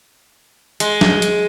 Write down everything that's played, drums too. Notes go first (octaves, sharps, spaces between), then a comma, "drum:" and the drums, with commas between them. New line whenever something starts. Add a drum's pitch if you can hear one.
G#3, drum: hi-hat
drum: snare
drum: hi-hat